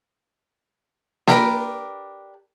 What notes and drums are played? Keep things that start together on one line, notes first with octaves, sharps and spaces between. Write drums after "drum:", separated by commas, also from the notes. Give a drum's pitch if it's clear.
D4 G4 A#4 B4, drum: snare A#3